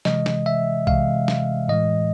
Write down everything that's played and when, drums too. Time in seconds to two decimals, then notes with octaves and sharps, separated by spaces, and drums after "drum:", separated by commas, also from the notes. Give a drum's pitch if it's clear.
0.05 C3 E3 G#3 D#5, drum: snare
0.26 drum: snare
0.46 E5
0.87 C3 E3 G#3 F5, drum: kick B1
1.28 drum: snare
1.68 A2 E3 G#3 D#5